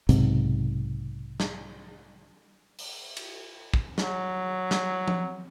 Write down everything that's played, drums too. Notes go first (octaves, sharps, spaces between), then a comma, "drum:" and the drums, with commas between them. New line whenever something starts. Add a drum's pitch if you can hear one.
B1 G#2 C3, drum: hi-hat
drum: snare
drum: open hi-hat
drum: cymbal
drum: kick
F#3, drum: snare
drum: snare
drum: tom F3